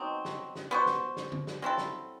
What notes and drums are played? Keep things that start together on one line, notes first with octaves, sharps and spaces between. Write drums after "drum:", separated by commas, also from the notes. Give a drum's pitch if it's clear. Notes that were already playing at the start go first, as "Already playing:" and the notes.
Already playing: B2 F#3 C4 D#4
drum: snare
drum: snare
B3 F#4 C5
drum: snare
drum: snare
drum: tom
drum: snare
F#3 C4 E4 A4
drum: snare